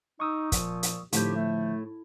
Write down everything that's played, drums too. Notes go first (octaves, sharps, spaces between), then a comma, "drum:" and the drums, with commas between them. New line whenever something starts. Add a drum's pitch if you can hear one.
D#4 C#6 D#6 E6
A#2 F3, drum: kick, hi-hat
drum: hi-hat
A2 D3 F3 C4 D#4 G4 G6, drum: hi-hat
A3